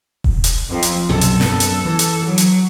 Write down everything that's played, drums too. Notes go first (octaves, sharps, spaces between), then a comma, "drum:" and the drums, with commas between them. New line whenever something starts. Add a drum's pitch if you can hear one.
drum: kick E1
drum: hi-hat
F2 C4
drum: hi-hat
B1 F#2 C3 A4
drum: hi-hat
F#2 B3, drum: snare
drum: hi-hat
E3
drum: hi-hat
F#3
drum: hi-hat